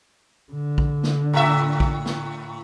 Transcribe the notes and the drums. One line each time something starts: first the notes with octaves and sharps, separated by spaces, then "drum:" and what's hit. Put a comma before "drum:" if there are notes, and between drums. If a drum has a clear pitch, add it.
D3
drum: kick A#1
drum: snare
A2 E5
drum: kick A#1
drum: snare